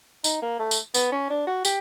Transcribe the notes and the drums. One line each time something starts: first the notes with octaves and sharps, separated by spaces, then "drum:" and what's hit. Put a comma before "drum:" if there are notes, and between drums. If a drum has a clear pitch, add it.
D#4, drum: tambourine
A#3
A3
drum: tambourine
B3, drum: tambourine
C#4
D4
F#4
G4, drum: tambourine